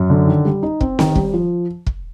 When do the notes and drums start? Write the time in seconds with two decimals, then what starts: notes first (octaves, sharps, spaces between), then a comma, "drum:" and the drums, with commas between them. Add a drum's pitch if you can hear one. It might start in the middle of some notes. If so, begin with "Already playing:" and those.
Already playing: F#2
0.10 D3
0.27 D#3
0.45 G3
0.63 D#4
0.81 C4, drum: kick
0.99 D#3, drum: snare C4
1.15 G3, drum: kick
1.33 F3
1.86 drum: kick